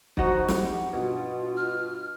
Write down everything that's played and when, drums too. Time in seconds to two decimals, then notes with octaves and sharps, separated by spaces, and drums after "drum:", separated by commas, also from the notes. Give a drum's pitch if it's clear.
0.17 F2 D#4 F#4 C5 F#5, drum: kick
0.48 G4, drum: snare
0.93 G2 B2 F4
1.57 F6